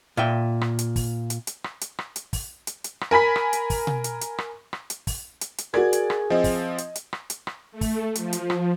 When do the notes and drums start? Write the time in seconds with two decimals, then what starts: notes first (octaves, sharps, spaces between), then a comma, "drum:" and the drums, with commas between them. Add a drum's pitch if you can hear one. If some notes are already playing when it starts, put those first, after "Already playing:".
0.17 A#2 E5 G5
0.61 drum: rim click
0.79 drum: hi-hat
0.96 drum: kick, open hi-hat
1.30 drum: hi-hat
1.47 drum: hi-hat
1.64 drum: rim click
1.81 drum: hi-hat
1.99 drum: rim click
2.16 drum: hi-hat
2.33 drum: kick, open hi-hat
2.67 drum: hi-hat
2.84 drum: hi-hat
3.01 drum: rim click
3.11 A#4 G#5 B5 B6
3.36 drum: rim click
3.53 drum: hi-hat
3.70 drum: kick, open hi-hat
3.87 drum: tom B2
4.04 drum: hi-hat
4.21 drum: hi-hat
4.38 drum: rim click
4.73 drum: rim click
4.90 drum: hi-hat
5.07 drum: kick, open hi-hat
5.41 drum: hi-hat
5.58 drum: hi-hat
5.74 F#4 G#4 A#4 D5 G#6, drum: rim click
5.93 drum: hi-hat
6.10 drum: rim click
6.30 F3 C4 D#5
6.44 drum: kick, open hi-hat
6.78 drum: hi-hat
6.95 drum: hi-hat
7.13 drum: rim click
7.30 drum: hi-hat
7.47 drum: rim click
7.72 A3
7.81 drum: kick, open hi-hat
8.15 F3, drum: hi-hat
8.33 drum: hi-hat
8.50 drum: rim click